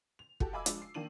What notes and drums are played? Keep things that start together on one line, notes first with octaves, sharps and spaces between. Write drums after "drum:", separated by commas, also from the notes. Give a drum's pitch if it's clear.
F7
F#4 G4 A4, drum: kick
D#5 F5 G#5 B5 D6 E6
F3 G#3 D4 F4, drum: hi-hat
C7
D#3 A#3 D4 D#7 F#7